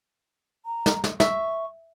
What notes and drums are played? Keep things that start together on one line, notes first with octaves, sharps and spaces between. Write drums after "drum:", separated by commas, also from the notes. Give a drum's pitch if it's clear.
A#5
drum: snare
drum: snare
E5 C#6, drum: snare